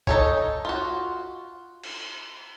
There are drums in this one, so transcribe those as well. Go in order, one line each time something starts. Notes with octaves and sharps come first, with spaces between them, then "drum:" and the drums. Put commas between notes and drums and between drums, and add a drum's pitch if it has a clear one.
D#4 A4 C#5, drum: kick A#1
F4 F#4
drum: cymbal